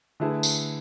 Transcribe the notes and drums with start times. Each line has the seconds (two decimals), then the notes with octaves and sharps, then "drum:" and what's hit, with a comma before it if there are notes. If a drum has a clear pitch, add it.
0.20 D3 A3 E4 G#4 B4
0.43 drum: tambourine